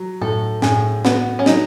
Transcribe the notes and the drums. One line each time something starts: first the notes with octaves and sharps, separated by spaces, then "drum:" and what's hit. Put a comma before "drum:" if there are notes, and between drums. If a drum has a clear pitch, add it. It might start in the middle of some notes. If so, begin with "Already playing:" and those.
Already playing: F#3
A2 A4
A2 G#4, drum: snare
B3 F#4, drum: snare
C#4
F#3 D#4, drum: snare